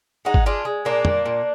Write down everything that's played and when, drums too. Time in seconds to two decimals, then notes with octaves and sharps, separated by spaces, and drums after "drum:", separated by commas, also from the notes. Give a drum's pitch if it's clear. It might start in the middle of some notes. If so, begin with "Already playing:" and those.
0.25 G#3 D#4 F#4
0.34 drum: kick
0.46 G#3 D4 F4
0.65 G#3
0.85 A#2 A#3 D4
1.05 A#2, drum: tom
1.25 A#2